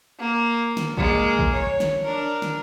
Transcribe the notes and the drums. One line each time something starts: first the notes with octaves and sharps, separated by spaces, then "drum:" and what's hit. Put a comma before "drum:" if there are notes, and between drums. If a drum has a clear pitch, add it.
A#3
drum: snare
G#3 A#3, drum: kick
drum: kick
C#5
drum: snare
D4 A#4
drum: snare